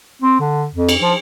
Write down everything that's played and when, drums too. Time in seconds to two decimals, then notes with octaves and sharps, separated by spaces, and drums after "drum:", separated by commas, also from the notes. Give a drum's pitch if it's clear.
0.22 C4
0.40 D3
0.74 F2
0.89 drum: cymbal
1.01 F3